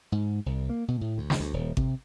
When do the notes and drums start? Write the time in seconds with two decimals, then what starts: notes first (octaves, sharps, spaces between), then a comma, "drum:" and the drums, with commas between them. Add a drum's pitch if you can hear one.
0.12 G#2
0.46 C2
0.70 A#3
0.88 B2
1.01 A2
1.18 D2
1.30 drum: snare
1.40 D2
1.53 D#1
1.77 C3, drum: kick G#1